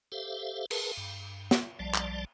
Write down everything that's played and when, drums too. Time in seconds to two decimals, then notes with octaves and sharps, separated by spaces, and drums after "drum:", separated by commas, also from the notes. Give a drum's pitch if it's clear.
0.12 G4 A4 C5 E5 F5
0.71 G#4 A#4 B4 A5, drum: cymbal
0.97 G2
1.51 drum: snare
1.79 B1 F3 G3 D5 A5
1.94 drum: clap